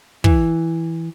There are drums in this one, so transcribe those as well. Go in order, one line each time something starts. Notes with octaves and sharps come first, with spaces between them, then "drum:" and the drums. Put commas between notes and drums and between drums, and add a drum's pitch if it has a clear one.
E3, drum: kick